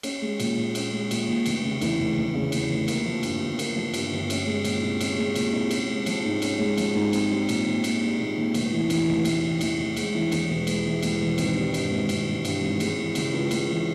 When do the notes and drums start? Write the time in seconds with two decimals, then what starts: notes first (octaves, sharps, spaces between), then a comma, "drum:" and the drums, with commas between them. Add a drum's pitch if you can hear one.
0.03 C#4, drum: cymbal
0.22 G#3
0.40 A#2, drum: cymbal
0.57 A#1
0.75 C#4, drum: cymbal
0.92 G#3
1.11 A#2, drum: cymbal
1.28 A#1
1.46 F1, drum: cymbal
1.64 C#3
1.81 E2, drum: cymbal
1.99 F1
2.17 F1
2.34 C#3
2.52 E2, drum: cymbal
2.70 F1
2.88 A#3, drum: cymbal
3.05 F3
3.23 G2, drum: cymbal
3.41 G1
3.59 A#3, drum: cymbal
3.76 F3
3.94 G2, drum: cymbal
4.12 G1
4.30 C#4, drum: cymbal
4.47 G#3
4.64 A#2, drum: cymbal
4.83 C2
5.01 C#4, drum: cymbal
5.18 G#3
5.35 A#2, drum: cymbal
5.53 C2
5.71 C#4, drum: cymbal
5.89 G#3
6.06 F3, drum: cymbal
6.24 G#2
6.42 C#4, drum: cymbal
6.59 G#3
6.78 F3, drum: cymbal
6.95 G#2
7.13 C4, drum: cymbal
7.31 G3
7.49 A#2, drum: cymbal
7.66 A#1
7.84 C4, drum: cymbal
8.01 G3
8.19 A#2
8.37 A#1
8.54 F1, drum: cymbal
8.72 E3
8.90 E2, drum: cymbal
9.08 F1
9.25 F1, drum: cymbal
9.44 E3
9.61 E2, drum: cymbal
9.79 F1
9.97 G#3, drum: cymbal
10.14 E3
10.32 E2, drum: cymbal
10.50 E1
10.67 G#3, drum: cymbal
10.86 E3
11.02 E2, drum: cymbal
11.20 E1
11.38 G#1, drum: cymbal
11.55 G3
11.74 G2, drum: cymbal
11.91 G#1
12.09 G#1, drum: cymbal
12.27 G3
12.45 G2, drum: cymbal
12.62 G#1
12.80 G#3, drum: cymbal
12.98 E3
13.15 C#3, drum: cymbal
13.33 C#2
13.51 G#3, drum: cymbal
13.69 E3